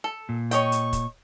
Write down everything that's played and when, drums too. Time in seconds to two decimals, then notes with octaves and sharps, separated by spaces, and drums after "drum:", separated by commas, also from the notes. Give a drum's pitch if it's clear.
0.04 A4
0.29 A#2
0.51 C#5 D#5 G5 C#6, drum: hi-hat
0.72 drum: hi-hat
0.93 drum: kick, hi-hat